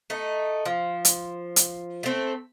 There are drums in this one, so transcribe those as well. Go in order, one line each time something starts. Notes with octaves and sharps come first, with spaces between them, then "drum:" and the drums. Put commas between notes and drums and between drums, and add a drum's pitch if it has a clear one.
A3 D#4
F3
drum: hi-hat
drum: hi-hat
A3 C4